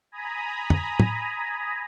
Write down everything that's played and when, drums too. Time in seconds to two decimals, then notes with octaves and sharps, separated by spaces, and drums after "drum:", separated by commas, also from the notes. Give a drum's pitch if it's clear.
0.12 G#5 A#5 B5 D#6
0.70 drum: tom
1.00 drum: tom